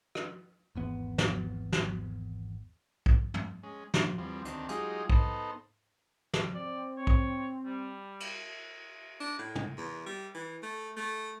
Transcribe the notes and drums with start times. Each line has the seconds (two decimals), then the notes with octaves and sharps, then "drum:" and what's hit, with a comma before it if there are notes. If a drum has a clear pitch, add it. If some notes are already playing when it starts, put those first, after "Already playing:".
0.15 drum: rim click
0.75 G#1 E2 B3
1.18 drum: snare
1.72 drum: snare
3.06 drum: kick
3.34 drum: tom
3.63 G#3 C#4
3.94 A#2, drum: snare
4.18 E2 F3 G3 C4
4.45 D2 D#3 C4 D4, drum: hi-hat
4.69 F#3 G#3 D#4 F4 G4 G#4, drum: hi-hat
5.10 B3 D#4 A4 C5, drum: kick
6.33 drum: snare
6.54 C4 D5
6.97 C#5
7.07 drum: kick
7.65 G3
8.20 drum: cymbal
9.20 D4
9.39 A2
9.55 drum: tom
9.77 E2
10.06 G3
10.35 E3
10.63 A3
10.97 A3